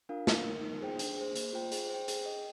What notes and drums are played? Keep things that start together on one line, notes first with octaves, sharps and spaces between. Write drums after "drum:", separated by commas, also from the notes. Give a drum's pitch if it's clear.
D4 F4 A#4 F5
A#3, drum: snare
D#4 A#4
D#4
G#4 C5 G5
D4, drum: hi-hat
G#4 C5
A#3, drum: hi-hat
F4 C5 G5
G#4, drum: hi-hat
C5 G5
G#4, drum: hi-hat
D#5 G5